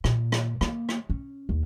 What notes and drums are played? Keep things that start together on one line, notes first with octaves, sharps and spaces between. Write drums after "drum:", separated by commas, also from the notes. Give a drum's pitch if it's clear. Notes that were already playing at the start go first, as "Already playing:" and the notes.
A#2, drum: rim click
drum: rim click
A#3, drum: rim click
drum: rim click
C#4
D#2